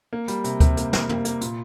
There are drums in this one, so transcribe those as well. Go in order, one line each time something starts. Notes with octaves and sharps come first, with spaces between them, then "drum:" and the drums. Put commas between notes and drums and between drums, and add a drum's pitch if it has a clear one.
A#3
G3, drum: hi-hat
C3, drum: hi-hat
C3, drum: kick D2, hi-hat
A#3, drum: hi-hat
A#3, drum: snare
A#3, drum: tom
A#3, drum: hi-hat
A#2, drum: hi-hat